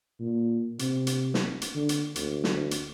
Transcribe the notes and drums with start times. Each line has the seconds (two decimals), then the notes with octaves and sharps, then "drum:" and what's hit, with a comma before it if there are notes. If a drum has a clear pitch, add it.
0.20 A#2
0.79 C3, drum: hi-hat
1.07 drum: hi-hat
1.34 drum: snare
1.62 drum: hi-hat
1.75 D3
1.89 drum: hi-hat
2.16 D2, drum: hi-hat
2.44 drum: snare
2.71 drum: hi-hat